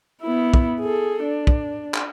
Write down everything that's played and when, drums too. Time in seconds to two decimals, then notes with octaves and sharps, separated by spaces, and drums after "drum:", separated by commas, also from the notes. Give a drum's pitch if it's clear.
0.22 B3 E4
0.54 drum: kick
0.80 G#4 A4
1.24 D4
1.47 drum: kick
1.94 drum: clap